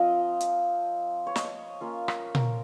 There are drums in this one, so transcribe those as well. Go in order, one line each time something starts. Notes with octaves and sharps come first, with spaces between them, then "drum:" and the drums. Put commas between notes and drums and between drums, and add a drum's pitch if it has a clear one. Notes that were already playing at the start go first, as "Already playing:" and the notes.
Already playing: F3 C4 F4 D#5 F5
drum: hi-hat
C#5
D#5, drum: snare
C#5
A#3 C#4 F4
drum: rim click
A#4, drum: tom A#2